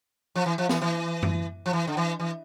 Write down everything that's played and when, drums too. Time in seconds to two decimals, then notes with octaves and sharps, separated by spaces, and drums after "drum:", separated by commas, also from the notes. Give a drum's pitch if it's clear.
0.36 F3
0.46 E3
0.58 F3
0.69 E3, drum: snare
0.82 E3
1.23 drum: tom F#2
1.66 F3
1.73 E3
1.87 D3
1.97 E3
2.20 E3